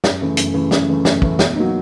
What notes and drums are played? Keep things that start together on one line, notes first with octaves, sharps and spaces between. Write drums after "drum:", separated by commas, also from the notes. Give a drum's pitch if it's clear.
F#2, drum: snare
C#3 E3 A3
F#2, drum: hi-hat
C#3 E3 A3
F#2, drum: snare
C#3 E3 A3
F#2, drum: snare
C#3 E3 A3, drum: kick
B2, drum: snare
F#3 A#3 D#4